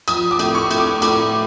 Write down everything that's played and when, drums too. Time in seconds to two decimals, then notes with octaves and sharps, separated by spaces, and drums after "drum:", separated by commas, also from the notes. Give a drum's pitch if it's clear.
0.08 F3 D#6, drum: cymbal
0.31 D6
0.39 A2, drum: cymbal
0.55 C#6
0.71 A2, drum: cymbal
0.78 D6
1.02 A2 D6, drum: cymbal